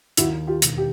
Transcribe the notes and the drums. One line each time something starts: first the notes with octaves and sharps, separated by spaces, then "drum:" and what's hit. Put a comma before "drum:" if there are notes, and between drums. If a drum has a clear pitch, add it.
D#2 E4 F#4, drum: hi-hat
F4 G4
E1, drum: hi-hat
G4